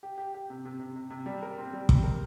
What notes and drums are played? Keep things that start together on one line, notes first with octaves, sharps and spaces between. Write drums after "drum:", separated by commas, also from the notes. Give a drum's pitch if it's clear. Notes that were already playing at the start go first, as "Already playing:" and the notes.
G4
G4
G4
C3
C3
C3
C3
C3
G3
A#4
C4
G3
G3, drum: kick
A#4